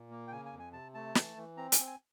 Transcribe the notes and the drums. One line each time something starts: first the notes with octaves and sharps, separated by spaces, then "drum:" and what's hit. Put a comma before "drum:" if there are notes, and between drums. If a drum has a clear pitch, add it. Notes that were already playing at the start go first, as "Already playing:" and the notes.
Already playing: A#2
A#3
G5
C#3 G#5
G#5
F2
G#5
C3 A5
A3 A5
E3, drum: snare
E3
C4 A#5
G#5, drum: hi-hat
C4
G#5